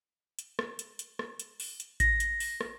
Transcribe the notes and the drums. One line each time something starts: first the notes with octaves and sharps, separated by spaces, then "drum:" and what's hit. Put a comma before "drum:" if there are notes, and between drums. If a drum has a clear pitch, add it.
drum: hi-hat
drum: rim click
drum: hi-hat
drum: hi-hat
drum: rim click
drum: hi-hat
drum: open hi-hat
drum: hi-hat
A#6, drum: kick A1, hi-hat
drum: hi-hat
drum: open hi-hat
drum: rim click